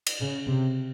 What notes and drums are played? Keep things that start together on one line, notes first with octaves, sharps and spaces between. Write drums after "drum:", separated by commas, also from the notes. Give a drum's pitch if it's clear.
drum: cymbal
C#3
C3